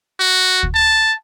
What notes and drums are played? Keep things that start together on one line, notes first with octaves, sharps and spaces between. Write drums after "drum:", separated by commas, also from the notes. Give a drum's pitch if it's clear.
F#4
drum: kick D2
A5